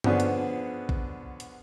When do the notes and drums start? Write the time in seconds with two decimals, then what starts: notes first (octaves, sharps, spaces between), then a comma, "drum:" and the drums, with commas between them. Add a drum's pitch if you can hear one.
0.04 D3 F3 B3 C#4 G#4, drum: tom G2
0.20 drum: hi-hat
0.89 drum: kick A#1
1.40 drum: hi-hat